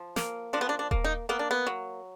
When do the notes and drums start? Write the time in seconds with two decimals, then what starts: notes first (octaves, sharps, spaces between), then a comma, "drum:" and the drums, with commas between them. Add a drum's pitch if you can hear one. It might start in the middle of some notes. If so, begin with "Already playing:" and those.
Already playing: F3
0.16 A#3, drum: snare
0.53 F3 D4
0.61 B3
0.69 D4
0.79 D4
0.91 A#3, drum: kick D#1
1.04 D#4
1.29 A#3 B3
1.39 D4
1.51 B3
1.67 F#3